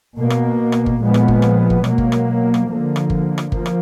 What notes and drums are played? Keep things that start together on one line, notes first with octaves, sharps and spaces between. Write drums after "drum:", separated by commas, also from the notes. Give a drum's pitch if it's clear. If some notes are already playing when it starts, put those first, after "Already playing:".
B2 A#3
drum: rim click
drum: rim click
drum: kick G1
A#2 F3 G#3 B3
drum: rim click
drum: kick G1
drum: rim click
drum: kick G1
B2 F#3 A#3, drum: rim click
drum: kick G1
drum: rim click
drum: rim click
D3 F3 A#3
drum: rim click
drum: kick G1
drum: rim click
F3 A#3, drum: kick G1
drum: rim click